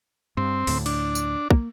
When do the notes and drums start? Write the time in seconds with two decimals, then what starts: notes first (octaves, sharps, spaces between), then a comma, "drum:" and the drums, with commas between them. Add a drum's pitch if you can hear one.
0.37 G2 C4
0.67 D2 A2, drum: open hi-hat
0.86 D4, drum: cymbal
1.15 drum: tambourine
1.50 A#3, drum: kick